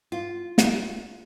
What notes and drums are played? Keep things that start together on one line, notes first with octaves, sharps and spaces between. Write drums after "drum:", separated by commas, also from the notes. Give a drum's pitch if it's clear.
F4
drum: snare